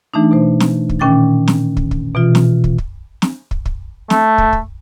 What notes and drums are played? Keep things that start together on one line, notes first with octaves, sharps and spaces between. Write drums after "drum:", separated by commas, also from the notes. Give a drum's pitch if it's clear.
E3 A3 D4 D#4
B2 C5
drum: snare
drum: kick
A#2 D#3 C#4 G5 D6 A6
drum: snare
drum: kick
drum: kick
B2 E3 F4
drum: snare
drum: kick
drum: kick
drum: snare
drum: kick
drum: kick
A3, drum: snare
drum: kick
drum: kick